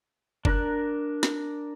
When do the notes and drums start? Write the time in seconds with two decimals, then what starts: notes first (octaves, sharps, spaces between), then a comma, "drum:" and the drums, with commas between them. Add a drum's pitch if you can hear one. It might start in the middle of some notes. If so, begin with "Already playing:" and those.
0.45 D4 A#4 F#6, drum: kick
1.23 drum: snare